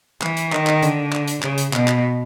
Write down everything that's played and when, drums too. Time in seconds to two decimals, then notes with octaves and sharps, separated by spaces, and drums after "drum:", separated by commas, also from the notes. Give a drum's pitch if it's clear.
0.22 E3, drum: clap
0.37 drum: hi-hat
0.52 D#3, drum: clap
0.67 drum: clap
0.83 D3, drum: hi-hat
1.12 drum: clap
1.28 drum: hi-hat
1.43 C#3, drum: clap
1.58 drum: hi-hat
1.73 B2, drum: clap
1.88 drum: clap